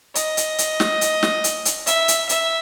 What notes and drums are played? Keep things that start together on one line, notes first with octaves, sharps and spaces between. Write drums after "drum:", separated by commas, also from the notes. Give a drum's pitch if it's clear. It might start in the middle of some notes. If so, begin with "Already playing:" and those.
D#5, drum: hi-hat
drum: hi-hat
drum: hi-hat
drum: snare
drum: hi-hat
drum: snare
drum: hi-hat
drum: hi-hat
E5, drum: hi-hat
drum: hi-hat
E5, drum: hi-hat